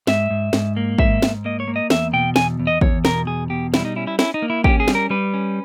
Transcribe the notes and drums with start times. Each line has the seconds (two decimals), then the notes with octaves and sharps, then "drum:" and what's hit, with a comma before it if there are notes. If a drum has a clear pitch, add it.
0.07 G#2 E5, drum: snare
0.30 G#2
0.53 G#2, drum: snare
0.77 A#3
0.99 G#2 E5, drum: kick
1.22 G#2, drum: snare
1.45 A#3 D#5
1.60 C#5
1.68 A#3
1.76 D#5
1.90 E2 E5, drum: snare
2.13 B2 G5
2.36 E2 G#5, drum: snare
2.60 E2
2.67 D#5
2.81 E2 C#5, drum: kick
3.05 B2 A#4, drum: snare
3.27 E2 G#4
3.50 B2 G4
3.74 G3 E4, drum: snare
3.85 D#4
3.96 C#4 E4
4.07 E4
4.19 C#4 E4, drum: snare
4.34 D#4
4.42 A#3
4.50 E4
4.64 C#4 G4, drum: kick
4.80 G#4
4.88 G3, drum: snare
4.95 A#4
5.10 G3 B4
5.34 C#4